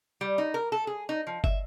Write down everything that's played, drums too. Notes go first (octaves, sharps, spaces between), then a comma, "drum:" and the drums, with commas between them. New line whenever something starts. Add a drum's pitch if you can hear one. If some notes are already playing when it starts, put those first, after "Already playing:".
G3
D#4
A#4
A4
G#4
D#4
F3
E5, drum: kick